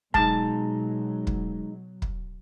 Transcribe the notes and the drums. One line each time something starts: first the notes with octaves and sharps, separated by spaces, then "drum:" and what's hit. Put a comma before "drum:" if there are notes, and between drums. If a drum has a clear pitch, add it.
B2 F#3 G#3 D#4 A5, drum: kick
drum: kick
drum: kick